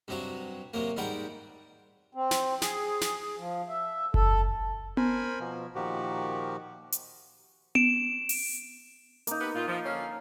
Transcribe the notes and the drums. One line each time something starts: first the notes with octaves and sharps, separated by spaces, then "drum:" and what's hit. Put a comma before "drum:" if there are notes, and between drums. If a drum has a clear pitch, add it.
G2 C3 F#3 F#4
C3 F#3 A#3
G#2 G3 A#4 F#5 G5
C4
drum: snare
G#4, drum: snare
drum: snare
F3
E5
A4, drum: kick F#1
A#4 C5 G#5 B5, drum: tom B3
B2 F3
A#2 D#3 F3 F#4 G4
drum: hi-hat
D7 E7, drum: tom B3
drum: open hi-hat
A#3 D#4, drum: hi-hat
B3 G4 B4
A#2 F4
F3
D3 C#4 F5